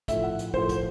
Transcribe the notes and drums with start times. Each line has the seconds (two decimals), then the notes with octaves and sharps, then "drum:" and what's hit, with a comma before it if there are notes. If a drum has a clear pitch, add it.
0.08 A2 F3 E5, drum: kick, hi-hat
0.23 F#5
0.39 drum: hi-hat
0.54 A2 F3 C5, drum: kick
0.69 drum: kick, hi-hat